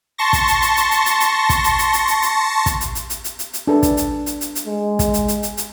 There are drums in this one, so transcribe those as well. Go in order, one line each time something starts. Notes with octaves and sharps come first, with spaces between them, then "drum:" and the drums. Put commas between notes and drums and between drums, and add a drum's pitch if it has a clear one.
A5 C6 C#6 A#6
drum: kick, hi-hat
drum: hi-hat
drum: hi-hat
drum: hi-hat
drum: hi-hat
drum: hi-hat
drum: hi-hat
drum: kick, hi-hat
drum: hi-hat
drum: hi-hat
drum: hi-hat
drum: hi-hat
drum: hi-hat
drum: kick, hi-hat
drum: hi-hat
drum: hi-hat
drum: hi-hat
drum: hi-hat
drum: hi-hat
drum: hi-hat
D4 A4 B4
drum: kick, hi-hat
drum: hi-hat
drum: hi-hat
drum: hi-hat
drum: hi-hat
G#3
drum: kick, hi-hat
drum: hi-hat
drum: hi-hat
drum: hi-hat
drum: hi-hat